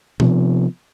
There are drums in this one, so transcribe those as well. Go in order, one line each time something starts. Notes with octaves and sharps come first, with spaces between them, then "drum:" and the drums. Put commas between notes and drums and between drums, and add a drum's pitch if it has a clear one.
C3 F3 B3, drum: tom